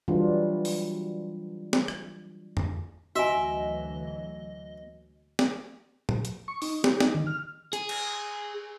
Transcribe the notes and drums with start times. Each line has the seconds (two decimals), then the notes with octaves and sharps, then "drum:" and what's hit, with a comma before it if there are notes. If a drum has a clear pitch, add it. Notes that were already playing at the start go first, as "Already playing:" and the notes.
0.08 E3 F#3 G3 D4 F4
0.65 drum: open hi-hat
1.73 drum: snare
1.88 drum: rim click
2.57 drum: tom F2
3.16 D2 E3 F#3 F#4 D#5 E5 G#5
5.39 drum: snare
6.09 drum: tom A#2
6.25 drum: hi-hat
6.48 C#6
6.62 D#4, drum: open hi-hat
6.84 G4, drum: snare
7.00 D#4, drum: snare
7.15 D#3
7.27 F6
7.73 G#4, drum: hi-hat
7.89 drum: cymbal